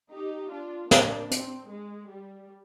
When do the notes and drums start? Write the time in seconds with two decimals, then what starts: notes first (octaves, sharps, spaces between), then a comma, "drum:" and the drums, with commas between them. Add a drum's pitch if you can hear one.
0.13 D#4 G4
0.52 D4 F4
0.91 A#3 D4, drum: snare
1.31 C4, drum: hi-hat
1.70 G#3
2.10 G3